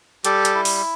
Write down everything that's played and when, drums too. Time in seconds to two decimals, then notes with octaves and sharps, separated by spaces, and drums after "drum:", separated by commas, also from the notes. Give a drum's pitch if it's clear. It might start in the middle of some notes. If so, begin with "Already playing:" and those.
0.25 G3 G4 A4, drum: hi-hat
0.45 drum: hi-hat
0.54 E4
0.65 drum: open hi-hat